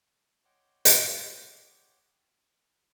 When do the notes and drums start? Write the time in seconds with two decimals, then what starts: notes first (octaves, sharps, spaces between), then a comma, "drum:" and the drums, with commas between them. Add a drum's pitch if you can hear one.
0.45 C#5 D#5 F#5 G5 C6 D6
0.85 drum: hi-hat